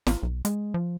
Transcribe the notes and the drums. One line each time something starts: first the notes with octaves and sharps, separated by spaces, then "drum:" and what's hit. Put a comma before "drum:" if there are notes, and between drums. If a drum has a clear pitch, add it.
A1, drum: snare
B1
G#3, drum: hi-hat
F3